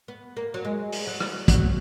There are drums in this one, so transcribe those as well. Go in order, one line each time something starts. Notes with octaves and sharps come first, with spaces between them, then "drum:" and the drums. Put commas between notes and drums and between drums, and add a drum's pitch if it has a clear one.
B3
A#3
F#3
G#3
drum: open hi-hat
F#3
drum: rim click
F#3, drum: kick, hi-hat